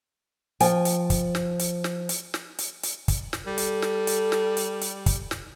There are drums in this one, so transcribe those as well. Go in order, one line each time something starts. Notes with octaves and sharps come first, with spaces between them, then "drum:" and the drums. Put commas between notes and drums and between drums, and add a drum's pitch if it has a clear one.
F3 G5 G#5, drum: hi-hat
drum: hi-hat
drum: kick, hi-hat
drum: snare
drum: hi-hat
drum: snare
drum: hi-hat
drum: snare
drum: hi-hat
drum: hi-hat
drum: kick, hi-hat
drum: snare
G3 A4
drum: hi-hat
drum: snare
drum: hi-hat
drum: snare
drum: hi-hat
drum: hi-hat
drum: kick, hi-hat
drum: snare